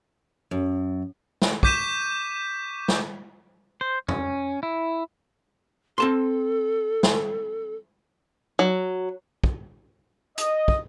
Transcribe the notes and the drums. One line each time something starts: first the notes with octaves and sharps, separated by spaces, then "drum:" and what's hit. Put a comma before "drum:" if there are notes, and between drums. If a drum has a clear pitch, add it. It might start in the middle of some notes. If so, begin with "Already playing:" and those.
F#2
drum: snare
C#6 D6 G6 B6 D#7 E7, drum: kick
drum: snare
C5
C#4, drum: tom F2
E4
C4 A4 A5 C6
drum: snare
F#3
drum: kick
D#5, drum: hi-hat
drum: kick